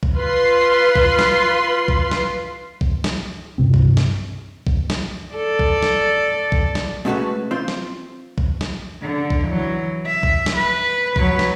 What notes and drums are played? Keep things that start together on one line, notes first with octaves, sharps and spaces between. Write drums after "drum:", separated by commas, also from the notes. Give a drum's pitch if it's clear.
drum: kick B1
F4 B4 C6
drum: kick B1
drum: snare
drum: kick B1
drum: snare
drum: kick B1
drum: snare
G2 C3 C4
drum: kick B1
drum: snare
drum: kick B1
drum: snare
A4 D5
drum: kick B1
drum: snare
drum: kick B1
drum: snare
G#3 A3 C#4 F#4 A4 B4
C4 F4 C5
drum: snare
drum: kick B1
drum: snare
D3
drum: kick B1
E3 F#3
E5
drum: kick B1
drum: snare
B4
F#3 B4, drum: kick B1
drum: snare